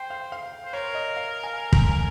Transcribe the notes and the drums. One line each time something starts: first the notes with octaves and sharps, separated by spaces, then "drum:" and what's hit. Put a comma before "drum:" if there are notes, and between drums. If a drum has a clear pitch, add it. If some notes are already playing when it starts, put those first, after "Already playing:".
Already playing: C5 G5
F5
F5
C5
A#4 C#5
D#5
F5
G#5
A#5, drum: kick
G#5